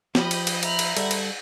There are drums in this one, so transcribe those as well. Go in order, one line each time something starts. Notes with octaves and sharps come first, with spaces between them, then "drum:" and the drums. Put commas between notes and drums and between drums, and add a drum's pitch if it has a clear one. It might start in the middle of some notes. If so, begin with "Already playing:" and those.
F3 G4 D#5 B5, drum: snare
drum: cymbal
drum: cymbal
E5 A#5 B5 F6 F#6, drum: cymbal
drum: cymbal
G3 A4 F#5 G#6, drum: cymbal
drum: cymbal